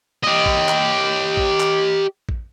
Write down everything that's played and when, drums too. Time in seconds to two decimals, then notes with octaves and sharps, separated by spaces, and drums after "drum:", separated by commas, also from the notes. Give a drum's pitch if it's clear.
0.23 G4 D#5
0.46 drum: kick A1
0.69 drum: clap
1.37 drum: kick A1
1.60 drum: clap
2.29 drum: kick A1